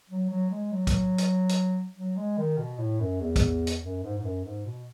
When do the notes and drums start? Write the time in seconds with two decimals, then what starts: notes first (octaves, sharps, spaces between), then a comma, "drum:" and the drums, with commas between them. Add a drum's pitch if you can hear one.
0.09 F#3
0.30 F#3
0.51 G#3
0.72 F#3
0.87 drum: kick, hi-hat
1.18 drum: hi-hat
1.49 drum: hi-hat
1.96 F#3
2.16 G#3
2.37 D#3
2.58 B2
2.78 A2
3.00 F#2
3.21 E2
3.36 drum: kick, hi-hat
3.67 drum: hi-hat
3.83 F#2
4.03 G#2
4.18 G#2
4.24 F#2
4.44 G#2
4.65 B2